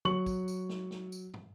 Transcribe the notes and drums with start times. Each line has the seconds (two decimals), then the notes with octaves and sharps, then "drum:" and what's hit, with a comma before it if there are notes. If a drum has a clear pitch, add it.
0.05 F#3 C#6 F#7, drum: tom D3
0.26 drum: kick A#1, tambourine
0.48 drum: tambourine
0.69 drum: snare
0.91 drum: snare
1.12 drum: tambourine
1.34 drum: tom